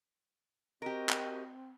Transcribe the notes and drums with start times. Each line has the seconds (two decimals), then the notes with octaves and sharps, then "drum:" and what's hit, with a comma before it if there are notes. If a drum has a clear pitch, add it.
0.82 C4 F#4 G4 A#4 D#5
1.09 drum: clap